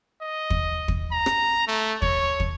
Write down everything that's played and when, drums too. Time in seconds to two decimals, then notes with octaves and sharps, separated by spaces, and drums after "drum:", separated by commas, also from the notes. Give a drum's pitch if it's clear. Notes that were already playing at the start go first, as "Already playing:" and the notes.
0.22 D#5
0.50 drum: kick
0.88 drum: kick
1.12 A#5
1.26 drum: rim click
1.68 A3
2.02 C#5, drum: kick
2.40 drum: kick